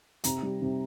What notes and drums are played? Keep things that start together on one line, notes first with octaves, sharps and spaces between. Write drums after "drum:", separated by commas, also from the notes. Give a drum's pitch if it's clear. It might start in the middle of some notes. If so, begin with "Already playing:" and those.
C3 A#5, drum: hi-hat
G3
C3